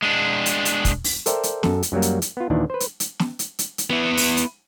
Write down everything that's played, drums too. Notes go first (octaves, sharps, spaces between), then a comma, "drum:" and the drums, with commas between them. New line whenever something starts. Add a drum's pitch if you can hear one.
G#3 D4
drum: hi-hat
drum: hi-hat
drum: kick, hi-hat
drum: open hi-hat
A4 A#4 C5 D5 E5 G5, drum: hi-hat
drum: hi-hat
F#2 A4, drum: snare
drum: hi-hat
F#2 F#3 G3 A#3
drum: hi-hat
drum: hi-hat
B3 F4
D#2 A#2 D#3 E3 D4
B4 C5
drum: hi-hat
drum: hi-hat
drum: snare
drum: hi-hat
drum: hi-hat
drum: hi-hat
B3 E4
drum: open hi-hat
drum: hi-hat